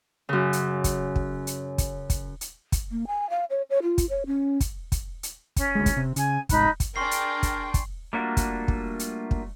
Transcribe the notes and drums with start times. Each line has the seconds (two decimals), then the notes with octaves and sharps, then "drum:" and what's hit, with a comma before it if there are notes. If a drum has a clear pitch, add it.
0.29 F#2 C#3
0.53 drum: hi-hat
0.84 drum: kick, hi-hat
1.16 drum: kick
1.47 drum: hi-hat
1.78 drum: kick, hi-hat
2.10 drum: kick, hi-hat
2.41 drum: hi-hat
2.72 drum: kick, hi-hat
2.91 A#3
3.07 G#5
3.30 F5
3.50 C#5
3.70 C#5
3.83 F4
3.98 drum: kick, hi-hat
4.09 C#5
4.26 C#4
4.60 drum: kick, hi-hat
4.92 drum: kick, hi-hat
5.23 drum: hi-hat
5.56 C#4, drum: kick, hi-hat
5.75 D2 G#3
5.86 drum: kick, hi-hat
5.97 C3
6.16 C#3 G#5, drum: hi-hat
6.49 C2 G#2 D#4 B5 F#6, drum: kick, hi-hat
6.80 drum: kick, hi-hat
6.96 D4 G#4 A#4 G5 C6 C#6 C7
7.11 drum: hi-hat
7.43 drum: kick, hi-hat
7.74 drum: kick, hi-hat
8.13 G3 A3 A#3 D4 F4 F#4
8.37 drum: kick, hi-hat
8.68 drum: kick
8.99 drum: hi-hat
9.31 drum: kick